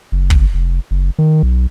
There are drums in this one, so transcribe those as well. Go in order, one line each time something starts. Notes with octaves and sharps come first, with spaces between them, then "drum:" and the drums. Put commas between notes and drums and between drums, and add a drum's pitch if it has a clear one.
F#1
drum: kick
F1
F#1
D#3
B1